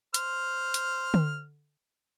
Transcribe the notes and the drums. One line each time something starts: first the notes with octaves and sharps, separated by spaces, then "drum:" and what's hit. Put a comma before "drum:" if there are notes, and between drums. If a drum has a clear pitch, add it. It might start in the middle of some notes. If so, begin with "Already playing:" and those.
C5 F6, drum: hi-hat
drum: hi-hat
drum: tom D3